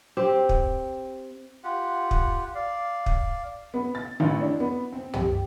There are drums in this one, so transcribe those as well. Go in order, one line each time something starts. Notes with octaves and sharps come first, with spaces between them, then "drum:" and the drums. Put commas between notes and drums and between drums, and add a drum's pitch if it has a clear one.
C4 G4
drum: kick
F4 G4 F#5
drum: kick
D5 F5
drum: kick
B3
A6
A1
D4
B3
C4
G4, drum: tom